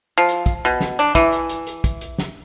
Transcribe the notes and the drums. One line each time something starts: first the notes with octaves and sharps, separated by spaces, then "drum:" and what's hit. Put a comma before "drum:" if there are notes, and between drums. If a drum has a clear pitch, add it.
F3
drum: hi-hat
drum: kick, hi-hat
B2, drum: hi-hat
drum: snare
D4, drum: hi-hat
E3, drum: kick, hi-hat
drum: hi-hat
drum: hi-hat
drum: hi-hat
drum: kick, hi-hat
drum: hi-hat
drum: snare